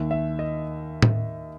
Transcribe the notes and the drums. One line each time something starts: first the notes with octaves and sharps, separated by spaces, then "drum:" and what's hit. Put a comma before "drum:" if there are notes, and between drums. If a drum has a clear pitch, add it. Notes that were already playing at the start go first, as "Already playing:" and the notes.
Already playing: D#2 D#3 E5
E5
D#5
drum: tom A2